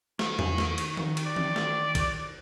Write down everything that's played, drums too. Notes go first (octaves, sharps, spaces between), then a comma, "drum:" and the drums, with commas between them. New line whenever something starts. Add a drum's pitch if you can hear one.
D#3, drum: snare
drum: tom
drum: snare
drum: cymbal
drum: tom D#3
drum: cymbal
D5
drum: tom E3
drum: snare
drum: kick, cymbal